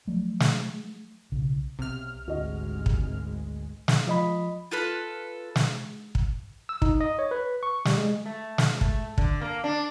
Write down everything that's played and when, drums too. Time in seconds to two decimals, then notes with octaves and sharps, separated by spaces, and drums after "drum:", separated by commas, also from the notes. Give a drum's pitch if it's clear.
0.07 F3 F#3 A3
0.40 drum: snare
1.32 B1 C#3
1.79 B1 C3 F6
2.28 G#1 D2 G#2 G#3 F#4 D#5
2.86 drum: kick
3.88 drum: snare
4.07 F3 D#5 B5
4.71 F4 A4 B4
5.56 drum: snare
6.15 drum: kick
6.69 E6
6.82 D#4, drum: kick
7.01 D#5
7.19 C#5
7.31 B4
7.63 C#6
7.85 G3, drum: snare
7.98 G#3
8.26 A3
8.58 A#2, drum: snare
8.81 A3, drum: kick
9.18 D3, drum: kick
9.41 A#3
9.64 D4